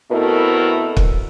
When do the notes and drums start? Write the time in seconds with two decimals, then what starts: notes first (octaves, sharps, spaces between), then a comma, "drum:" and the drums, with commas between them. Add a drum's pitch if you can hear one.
0.11 B2 A3 C4 E4 A4 A#4
0.97 drum: kick